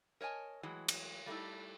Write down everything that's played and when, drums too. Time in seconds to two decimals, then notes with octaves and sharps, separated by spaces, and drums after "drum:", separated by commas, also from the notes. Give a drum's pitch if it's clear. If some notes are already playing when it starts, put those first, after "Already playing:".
0.21 A#4 C#5 D#5 G#5 A5
0.63 A2 E3 F#3 G#3
0.88 drum: cymbal
1.26 G3 A3 D#4 E4